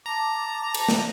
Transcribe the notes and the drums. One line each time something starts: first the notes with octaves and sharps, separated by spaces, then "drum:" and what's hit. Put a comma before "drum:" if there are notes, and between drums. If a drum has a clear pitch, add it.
A5 A#5 D6
drum: cymbal
drum: snare